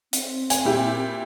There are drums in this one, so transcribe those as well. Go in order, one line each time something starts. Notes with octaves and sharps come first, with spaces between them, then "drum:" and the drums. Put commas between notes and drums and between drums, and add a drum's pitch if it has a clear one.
C4, drum: hi-hat
G#5, drum: hi-hat
A#2 E4 G4